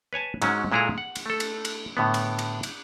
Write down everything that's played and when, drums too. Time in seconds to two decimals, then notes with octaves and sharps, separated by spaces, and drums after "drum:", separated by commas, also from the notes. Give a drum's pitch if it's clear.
0.13 B4 C#5 G#5 A5
0.42 G#2 F#3 G#3 C#4, drum: cymbal
0.72 A#2 G#3 E4 G#4 A4 A#5
0.98 F#5
1.15 drum: cymbal
1.26 A3 A4
1.40 drum: cymbal
1.65 drum: cymbal
1.97 A2 D3 B3
2.14 drum: cymbal
2.39 drum: cymbal
2.63 drum: cymbal